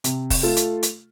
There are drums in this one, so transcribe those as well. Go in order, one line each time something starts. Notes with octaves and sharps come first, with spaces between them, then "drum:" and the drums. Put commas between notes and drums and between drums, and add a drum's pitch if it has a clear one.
C3, drum: hi-hat
drum: kick, open hi-hat
A3 F4 A4
drum: hi-hat
drum: hi-hat